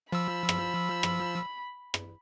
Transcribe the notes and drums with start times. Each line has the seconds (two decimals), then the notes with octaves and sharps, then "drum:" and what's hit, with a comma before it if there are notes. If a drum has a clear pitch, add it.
0.12 F3 B5 E6
0.49 drum: rim click
1.03 drum: rim click
1.94 drum: rim click